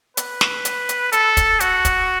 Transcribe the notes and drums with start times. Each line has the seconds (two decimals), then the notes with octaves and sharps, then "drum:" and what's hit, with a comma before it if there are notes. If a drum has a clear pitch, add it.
0.17 B4, drum: hi-hat
0.41 drum: snare
0.65 drum: hi-hat
0.89 drum: hi-hat
1.12 A4, drum: hi-hat
1.37 drum: kick, hi-hat
1.60 F#4, drum: hi-hat
1.85 drum: kick, hi-hat